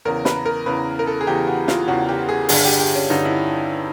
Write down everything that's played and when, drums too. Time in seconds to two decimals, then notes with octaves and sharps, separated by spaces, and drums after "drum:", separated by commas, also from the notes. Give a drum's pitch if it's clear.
0.05 E2 C#3 E3 A#4
0.25 B4, drum: snare
0.46 A#4
0.66 E2 C#3 E3 B4
0.99 A#4
1.07 A4
1.21 G#4
1.26 E2 C#3 E3 G4
1.47 F#4
1.68 F4, drum: snare
1.88 E2 C#3 E3 F#4
2.09 G4
2.29 G#4
2.49 G2 D3 G#4, drum: open hi-hat
2.65 G4
2.80 G4
2.95 C#4
3.10 G2 D3 D#4
3.25 E4